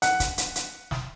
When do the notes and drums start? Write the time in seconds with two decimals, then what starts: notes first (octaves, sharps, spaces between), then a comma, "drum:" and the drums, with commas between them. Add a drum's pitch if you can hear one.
0.02 F#5, drum: hi-hat
0.20 drum: kick, hi-hat
0.38 drum: hi-hat
0.55 drum: hi-hat
0.91 drum: snare